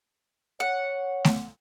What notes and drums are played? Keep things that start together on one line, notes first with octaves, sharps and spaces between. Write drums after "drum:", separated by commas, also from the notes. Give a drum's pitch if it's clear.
C#5 F#5
drum: snare A3